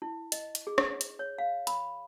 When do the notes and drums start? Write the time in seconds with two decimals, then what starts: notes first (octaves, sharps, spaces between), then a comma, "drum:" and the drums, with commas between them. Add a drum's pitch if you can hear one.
0.02 E4
0.32 D#5, drum: hi-hat
0.55 drum: hi-hat
0.67 G#4
0.78 drum: rim click
1.01 drum: hi-hat
1.19 C#5
1.38 F5
1.67 B5, drum: hi-hat